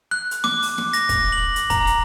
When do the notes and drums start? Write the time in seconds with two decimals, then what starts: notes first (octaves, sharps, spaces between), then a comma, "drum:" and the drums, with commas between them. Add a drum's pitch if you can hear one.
0.11 F#6
0.31 drum: hi-hat
0.44 D6, drum: snare
0.62 drum: open hi-hat
0.78 drum: snare
0.93 A#6, drum: hi-hat
1.09 drum: kick, hi-hat
1.32 F#7
1.56 drum: hi-hat
1.70 A#5, drum: kick, hi-hat
1.87 drum: hi-hat